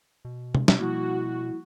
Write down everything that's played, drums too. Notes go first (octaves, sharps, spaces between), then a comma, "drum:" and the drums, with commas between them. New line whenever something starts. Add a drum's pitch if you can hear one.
B2
drum: tom C3
drum: snare
F3 G3 A#3 E4 F#4